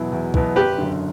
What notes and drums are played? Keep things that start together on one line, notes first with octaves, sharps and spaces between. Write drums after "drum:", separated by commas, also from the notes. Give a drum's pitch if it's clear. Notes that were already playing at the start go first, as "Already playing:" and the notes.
Already playing: E2 B2 F#3 B3 E4
E2
B2 F#3 B3 E4, drum: kick
F#1 G4 B4
F#2 D3